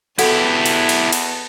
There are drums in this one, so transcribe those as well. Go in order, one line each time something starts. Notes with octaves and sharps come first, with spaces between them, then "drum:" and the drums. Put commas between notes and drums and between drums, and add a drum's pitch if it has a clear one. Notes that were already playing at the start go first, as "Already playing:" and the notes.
E2 B3 E4 F#4 G4 A4 F#5 A5, drum: cymbal
drum: cymbal
drum: cymbal
drum: cymbal